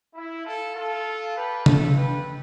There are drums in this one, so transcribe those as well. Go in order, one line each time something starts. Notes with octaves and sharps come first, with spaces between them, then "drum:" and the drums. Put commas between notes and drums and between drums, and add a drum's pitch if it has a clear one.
E4
F4 A4
F4 A4
G4 B4
F4 A4, drum: tom C3
G4 B4